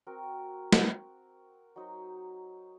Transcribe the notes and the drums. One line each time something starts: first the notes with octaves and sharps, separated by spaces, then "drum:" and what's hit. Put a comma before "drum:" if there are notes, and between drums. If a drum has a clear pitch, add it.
C4 F#4 A#4
drum: snare
F#3 D#4 C5